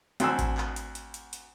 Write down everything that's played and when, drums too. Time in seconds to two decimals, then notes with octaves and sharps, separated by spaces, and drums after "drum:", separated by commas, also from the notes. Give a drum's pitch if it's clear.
0.20 D2 C4 G#5 E6, drum: hi-hat
0.39 drum: kick A1, hi-hat
0.58 drum: clap
0.76 drum: hi-hat
0.95 drum: hi-hat
1.14 drum: hi-hat
1.33 drum: hi-hat